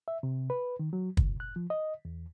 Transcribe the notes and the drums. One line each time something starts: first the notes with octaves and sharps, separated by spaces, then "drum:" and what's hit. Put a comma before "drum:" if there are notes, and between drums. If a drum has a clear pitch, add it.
E5
C3
B4
D#3
F#3
C#2, drum: kick
F#6
F3
D#5
E2